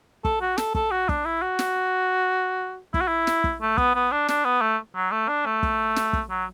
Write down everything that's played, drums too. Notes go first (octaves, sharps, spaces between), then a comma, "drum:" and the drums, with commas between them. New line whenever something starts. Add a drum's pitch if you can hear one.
A4, drum: kick
F#4
A4, drum: snare
A4, drum: kick
F#4
D4, drum: kick
E4
F#4
drum: snare
E4, drum: kick
F#4
E4
drum: snare
drum: kick
A3
B3, drum: kick
B3
D4
D4, drum: snare
B3
A3
F#3
A3
D4
A3
drum: kick
drum: snare
drum: kick
F#3